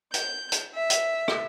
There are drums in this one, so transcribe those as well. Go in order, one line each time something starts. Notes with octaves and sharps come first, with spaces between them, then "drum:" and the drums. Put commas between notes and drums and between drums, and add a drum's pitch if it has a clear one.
G6, drum: hi-hat
drum: hi-hat
E5
drum: hi-hat
drum: rim click